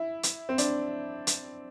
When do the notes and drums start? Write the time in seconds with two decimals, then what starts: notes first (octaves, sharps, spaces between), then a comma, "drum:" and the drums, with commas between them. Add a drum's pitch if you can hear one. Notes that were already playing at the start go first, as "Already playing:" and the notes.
Already playing: E4
0.23 drum: hi-hat
0.49 C4
0.58 D4, drum: hi-hat
1.27 drum: hi-hat